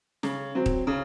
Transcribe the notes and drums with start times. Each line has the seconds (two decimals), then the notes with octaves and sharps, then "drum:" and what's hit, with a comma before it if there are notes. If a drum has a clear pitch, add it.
0.23 C#3, drum: snare
0.55 F#3 C4
0.66 drum: kick D#1
0.87 C#3